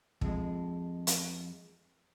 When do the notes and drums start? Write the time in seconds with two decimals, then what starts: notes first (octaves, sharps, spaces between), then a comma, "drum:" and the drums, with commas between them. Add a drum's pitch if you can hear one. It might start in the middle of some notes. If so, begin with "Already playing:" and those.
0.21 F2 G#3, drum: kick
1.07 drum: hi-hat